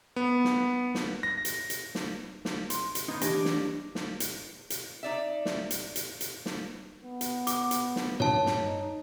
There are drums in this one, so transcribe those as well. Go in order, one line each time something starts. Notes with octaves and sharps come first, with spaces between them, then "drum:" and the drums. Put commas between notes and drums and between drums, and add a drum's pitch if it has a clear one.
B3
drum: snare
drum: snare
A#6
drum: hi-hat
drum: hi-hat
drum: snare
drum: snare
C6, drum: hi-hat
drum: hi-hat
A#3 B3 D#4
E3 D4 G4 D5 D#5 G#5, drum: hi-hat
drum: snare
drum: snare
drum: hi-hat
drum: hi-hat
D#4 D5 E5
drum: snare
drum: hi-hat
drum: hi-hat
drum: hi-hat
drum: snare
B3
drum: hi-hat
D6, drum: hi-hat
drum: hi-hat
drum: snare
C#5 A5, drum: tom G2
drum: snare
D#4